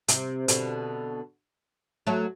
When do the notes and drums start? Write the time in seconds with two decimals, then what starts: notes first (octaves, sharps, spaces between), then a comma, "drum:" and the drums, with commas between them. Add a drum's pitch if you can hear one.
0.08 C3, drum: hi-hat
0.48 B2 D3, drum: hi-hat
2.07 F#3 A3